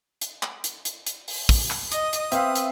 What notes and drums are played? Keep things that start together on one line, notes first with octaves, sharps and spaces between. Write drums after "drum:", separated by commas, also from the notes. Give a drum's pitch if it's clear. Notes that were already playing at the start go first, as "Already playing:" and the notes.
drum: hi-hat
drum: clap
drum: hi-hat
drum: hi-hat
drum: hi-hat
drum: open hi-hat
drum: kick, open hi-hat
drum: clap
D#5 D#6, drum: hi-hat
drum: hi-hat
C4 B4 E5 F5, drum: hi-hat
drum: hi-hat